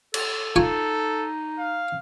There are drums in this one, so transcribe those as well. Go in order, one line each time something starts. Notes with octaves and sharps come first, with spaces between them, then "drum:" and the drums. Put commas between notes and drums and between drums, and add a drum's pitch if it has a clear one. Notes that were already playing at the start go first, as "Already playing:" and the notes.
A4, drum: cymbal
D#4 F4 A4 G#5 C#6
F5